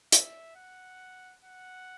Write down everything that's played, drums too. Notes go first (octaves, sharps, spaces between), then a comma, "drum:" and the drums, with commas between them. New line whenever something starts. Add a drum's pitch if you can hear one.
E5, drum: hi-hat
F#5
F#5